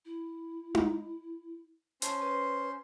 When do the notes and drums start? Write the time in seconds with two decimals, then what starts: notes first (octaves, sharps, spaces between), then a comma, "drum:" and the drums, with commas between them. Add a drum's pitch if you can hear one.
0.05 E4
0.75 drum: tom D#4
2.02 C#4 C5 A5 C6, drum: hi-hat
2.21 B4